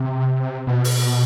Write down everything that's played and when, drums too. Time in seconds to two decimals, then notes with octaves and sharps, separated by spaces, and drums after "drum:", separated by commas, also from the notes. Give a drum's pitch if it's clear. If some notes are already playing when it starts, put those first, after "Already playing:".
Already playing: C3
0.67 B2
0.84 drum: open hi-hat